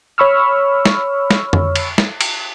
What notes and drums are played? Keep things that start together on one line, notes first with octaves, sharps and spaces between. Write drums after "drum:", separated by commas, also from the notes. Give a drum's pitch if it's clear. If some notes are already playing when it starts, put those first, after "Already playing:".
C#5 B5 C#6 E6 F6
drum: snare
drum: snare
drum: tom F2
drum: cymbal
drum: snare
drum: cymbal